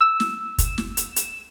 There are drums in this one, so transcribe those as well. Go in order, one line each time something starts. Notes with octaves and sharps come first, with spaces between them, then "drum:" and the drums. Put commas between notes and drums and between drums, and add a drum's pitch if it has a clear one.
E6
drum: snare
drum: kick, hi-hat
drum: snare
drum: hi-hat
drum: hi-hat